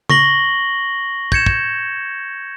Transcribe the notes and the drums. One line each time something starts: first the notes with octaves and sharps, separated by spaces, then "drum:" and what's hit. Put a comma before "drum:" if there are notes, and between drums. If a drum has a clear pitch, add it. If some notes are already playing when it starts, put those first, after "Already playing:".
C#6 A#6 F#7 G7, drum: tom C#3
G6 G#6 C#7 E7, drum: kick
drum: kick